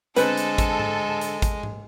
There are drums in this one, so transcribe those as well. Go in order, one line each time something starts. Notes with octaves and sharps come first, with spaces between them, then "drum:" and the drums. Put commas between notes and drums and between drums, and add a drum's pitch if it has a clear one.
D3 G#3 C4 D4 A4 B4, drum: hi-hat
drum: hi-hat
drum: kick, hi-hat
drum: tom G#2
drum: hi-hat
drum: kick, hi-hat
drum: tom G#2